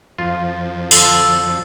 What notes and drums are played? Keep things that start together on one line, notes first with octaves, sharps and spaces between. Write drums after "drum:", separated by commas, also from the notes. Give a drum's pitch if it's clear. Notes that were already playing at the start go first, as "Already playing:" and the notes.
F2 F4
D3 F4 A4, drum: open hi-hat